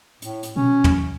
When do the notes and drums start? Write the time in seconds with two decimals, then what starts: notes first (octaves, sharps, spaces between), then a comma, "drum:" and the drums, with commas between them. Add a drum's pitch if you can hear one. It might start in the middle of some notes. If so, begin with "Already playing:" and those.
0.22 A2, drum: hi-hat
0.43 drum: hi-hat
0.56 B2 C#4
0.84 drum: tom